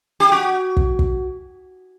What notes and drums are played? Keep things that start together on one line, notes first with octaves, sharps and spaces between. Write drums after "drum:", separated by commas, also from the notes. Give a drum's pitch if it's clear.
G4
F#4
drum: kick
drum: kick